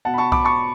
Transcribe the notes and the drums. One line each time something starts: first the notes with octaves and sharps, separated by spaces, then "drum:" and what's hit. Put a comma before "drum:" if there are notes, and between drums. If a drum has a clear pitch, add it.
B2 F#5 A5
B5
A5 C#6
B5 D6, drum: kick B1
A5 C#6